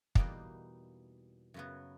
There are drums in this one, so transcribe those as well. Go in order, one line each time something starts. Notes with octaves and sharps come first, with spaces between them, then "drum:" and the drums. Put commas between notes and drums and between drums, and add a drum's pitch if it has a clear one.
E2 B2 G3 A#3 D#4, drum: kick
F#2 C#3 F#3 B3